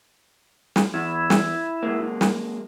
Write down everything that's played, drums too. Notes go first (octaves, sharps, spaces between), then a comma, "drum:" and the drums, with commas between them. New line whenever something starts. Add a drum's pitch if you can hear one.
drum: snare
E2 E4
drum: snare
F#3 G#3 A#3
drum: snare